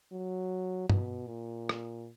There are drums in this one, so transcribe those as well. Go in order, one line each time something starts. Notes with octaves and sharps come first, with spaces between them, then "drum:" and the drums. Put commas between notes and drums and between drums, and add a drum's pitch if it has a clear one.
F#3
B2, drum: tom G2
A#2
drum: rim click